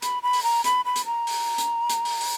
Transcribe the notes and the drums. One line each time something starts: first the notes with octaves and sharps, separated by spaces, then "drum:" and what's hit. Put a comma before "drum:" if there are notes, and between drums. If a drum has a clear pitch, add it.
B5, drum: hi-hat
B5
drum: open hi-hat
A#5
B5, drum: hi-hat
B5
drum: hi-hat
A#5
drum: open hi-hat
drum: hi-hat
drum: hi-hat
drum: open hi-hat
drum: open hi-hat